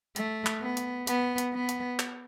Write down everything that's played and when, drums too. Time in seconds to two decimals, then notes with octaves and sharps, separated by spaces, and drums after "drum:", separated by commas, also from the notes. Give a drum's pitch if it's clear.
0.16 A3, drum: hi-hat
0.46 drum: clap
0.61 B3
0.77 drum: hi-hat
1.07 B3, drum: hi-hat
1.38 drum: hi-hat
1.53 B3
1.69 drum: hi-hat
1.99 drum: clap